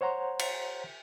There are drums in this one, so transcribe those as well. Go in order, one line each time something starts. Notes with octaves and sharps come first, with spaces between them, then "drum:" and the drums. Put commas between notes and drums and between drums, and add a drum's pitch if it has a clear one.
C5 C#5 F#5 A#5 C6
drum: cymbal